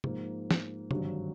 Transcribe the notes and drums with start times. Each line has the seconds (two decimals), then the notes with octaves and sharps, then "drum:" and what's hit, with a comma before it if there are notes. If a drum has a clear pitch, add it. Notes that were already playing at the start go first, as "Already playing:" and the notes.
0.04 G#2 F3 A#3, drum: tom
0.51 drum: snare
0.91 G#1 G2 D3 F#3, drum: tom